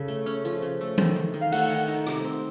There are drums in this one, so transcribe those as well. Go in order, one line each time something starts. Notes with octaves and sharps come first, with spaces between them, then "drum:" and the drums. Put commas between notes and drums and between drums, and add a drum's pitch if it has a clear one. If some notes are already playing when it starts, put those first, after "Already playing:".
Already playing: C#3 C#4 A4
A3
C#4
F3
C#3
A3
D#3, drum: tom E3
D#4
D#3
F5
A3 F#5, drum: cymbal
D#3
D#4
C3, drum: rim click
C4